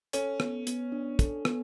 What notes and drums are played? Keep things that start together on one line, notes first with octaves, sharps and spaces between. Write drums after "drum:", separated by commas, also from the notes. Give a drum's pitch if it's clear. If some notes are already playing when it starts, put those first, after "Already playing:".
C#4 A4, drum: hi-hat
B3, drum: rim click
B3, drum: hi-hat
D4
A4, drum: kick, hi-hat
B3, drum: rim click